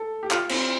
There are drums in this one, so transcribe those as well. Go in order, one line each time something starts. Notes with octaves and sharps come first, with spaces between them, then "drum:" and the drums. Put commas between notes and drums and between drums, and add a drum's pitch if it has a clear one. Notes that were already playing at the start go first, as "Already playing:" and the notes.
Already playing: A4
G4
F4, drum: clap
C4, drum: cymbal